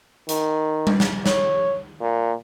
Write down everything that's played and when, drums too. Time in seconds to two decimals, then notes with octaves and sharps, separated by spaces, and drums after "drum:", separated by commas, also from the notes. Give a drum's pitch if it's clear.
0.29 D#3, drum: hi-hat
0.87 drum: tom G3
1.00 drum: snare
1.26 C#5, drum: snare
2.01 A#2